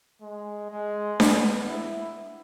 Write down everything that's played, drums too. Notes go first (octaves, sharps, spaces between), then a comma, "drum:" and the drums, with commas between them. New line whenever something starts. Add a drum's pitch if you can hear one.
G#3
G#3
B3, drum: snare D4
E4